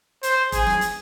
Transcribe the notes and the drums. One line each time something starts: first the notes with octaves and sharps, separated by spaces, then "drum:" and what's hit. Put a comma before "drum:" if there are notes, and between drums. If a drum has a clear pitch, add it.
C5, drum: hi-hat
G#4, drum: kick F1, hi-hat
drum: snare
drum: hi-hat